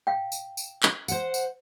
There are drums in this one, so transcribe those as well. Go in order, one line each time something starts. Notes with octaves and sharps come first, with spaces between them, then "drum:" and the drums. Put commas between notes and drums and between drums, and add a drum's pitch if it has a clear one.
F5 G5
drum: tambourine
drum: tambourine
drum: clap
C5 F#5, drum: tambourine
drum: tambourine